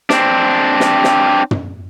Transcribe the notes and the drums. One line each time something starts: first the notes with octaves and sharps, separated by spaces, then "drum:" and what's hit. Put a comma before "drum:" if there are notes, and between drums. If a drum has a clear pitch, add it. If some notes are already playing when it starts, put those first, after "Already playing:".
C4 D4, drum: snare
drum: snare
drum: snare
drum: tom